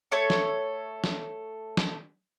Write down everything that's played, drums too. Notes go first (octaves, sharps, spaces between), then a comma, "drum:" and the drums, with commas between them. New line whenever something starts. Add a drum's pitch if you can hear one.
A3 A4 C#5 C#6
drum: snare
drum: snare
drum: snare